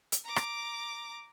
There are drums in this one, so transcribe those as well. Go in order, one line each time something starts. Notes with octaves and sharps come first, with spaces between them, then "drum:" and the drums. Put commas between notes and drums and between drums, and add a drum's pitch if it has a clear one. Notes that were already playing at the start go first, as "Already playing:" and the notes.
drum: hi-hat
A#5 D6
drum: rim click